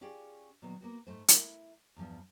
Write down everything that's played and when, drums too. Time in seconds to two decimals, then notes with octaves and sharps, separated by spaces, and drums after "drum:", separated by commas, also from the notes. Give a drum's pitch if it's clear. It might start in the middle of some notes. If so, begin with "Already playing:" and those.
0.01 C#4 F4 G4 G#4 D5
0.62 A#2 D#3 F#3 B3
0.81 A#3 B3 F#4
1.07 G#2 A3 C5
1.28 E4 A#4, drum: hi-hat
1.96 E2 G2 F3 B3